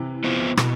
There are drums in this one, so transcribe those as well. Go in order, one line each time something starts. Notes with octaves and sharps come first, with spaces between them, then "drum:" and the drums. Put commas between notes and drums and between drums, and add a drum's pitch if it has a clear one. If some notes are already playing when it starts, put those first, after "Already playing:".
Already playing: C3 E3
B3 F4 C5
B2, drum: rim click